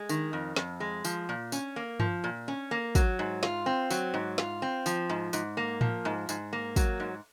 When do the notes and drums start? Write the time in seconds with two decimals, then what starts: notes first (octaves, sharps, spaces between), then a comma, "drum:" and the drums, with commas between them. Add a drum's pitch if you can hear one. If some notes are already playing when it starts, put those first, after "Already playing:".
Already playing: G#3
0.09 D#3, drum: tambourine
0.33 F2
0.56 F2, drum: snare
0.80 G#3
1.05 F3, drum: tambourine
1.29 A#2
1.52 C#4, drum: tambourine
1.76 A#3
2.00 F3, drum: tom G2
2.24 A#2
2.48 C#4
2.71 A#3
2.95 F#3, drum: kick, tambourine
3.19 G#2
3.43 F4, drum: snare
3.66 C4
3.90 F#3, drum: tambourine
4.14 G#2
4.38 F4, drum: snare
4.62 C4
4.86 F3, drum: tambourine
5.10 G#2
5.33 G#2, drum: tambourine
5.57 A#3
5.81 F3, drum: tom A2
6.05 G#2
6.29 G#2, drum: tambourine
6.53 A#3
6.76 F#3, drum: kick, tambourine
7.00 G#2